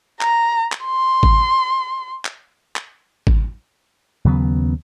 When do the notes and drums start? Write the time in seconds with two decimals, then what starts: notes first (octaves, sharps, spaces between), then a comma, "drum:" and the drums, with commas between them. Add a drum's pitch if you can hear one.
0.21 A#5, drum: clap
0.72 drum: clap
0.85 C6
1.23 drum: kick G#1
2.25 drum: clap
2.76 drum: clap
3.27 drum: kick G#1
4.25 D#2 C#3 F#3 B3